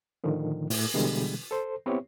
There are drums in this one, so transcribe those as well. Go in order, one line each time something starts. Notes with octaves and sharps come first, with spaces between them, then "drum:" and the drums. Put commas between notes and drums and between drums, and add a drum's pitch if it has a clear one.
A2 D3 D#3 F3
A2, drum: open hi-hat
B2 D3 E3 G3 G#3
A4 C5
B3 C4 E4 G4 C#5